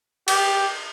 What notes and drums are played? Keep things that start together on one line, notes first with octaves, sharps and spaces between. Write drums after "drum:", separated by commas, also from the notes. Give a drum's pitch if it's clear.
G4, drum: cymbal